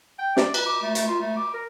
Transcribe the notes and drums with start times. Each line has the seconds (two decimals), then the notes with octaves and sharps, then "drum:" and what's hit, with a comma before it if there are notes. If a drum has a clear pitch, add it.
0.19 G5
0.37 D5, drum: snare
0.54 B4, drum: cymbal
0.67 D6
0.82 A3
0.95 A3, drum: hi-hat
1.07 F4
1.21 A3
1.37 D6
1.54 A#4